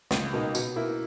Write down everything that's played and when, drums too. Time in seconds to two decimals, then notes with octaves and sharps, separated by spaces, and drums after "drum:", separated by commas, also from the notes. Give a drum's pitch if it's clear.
0.11 C#2, drum: snare
0.33 B2 A#3 D#4
0.55 B2, drum: tambourine
0.76 A#3 E4